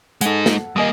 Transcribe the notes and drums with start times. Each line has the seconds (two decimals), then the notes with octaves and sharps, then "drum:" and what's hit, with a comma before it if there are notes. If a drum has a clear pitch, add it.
0.21 G#3 D#4 A4 F#5, drum: hi-hat
0.46 drum: snare
0.76 G3 A#3 D#5 G#5 D#6